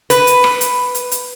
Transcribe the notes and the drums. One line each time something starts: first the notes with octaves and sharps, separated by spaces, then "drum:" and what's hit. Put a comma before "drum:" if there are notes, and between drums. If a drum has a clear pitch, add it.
B4, drum: hi-hat
drum: hi-hat
drum: rim click
drum: hi-hat
drum: hi-hat
drum: hi-hat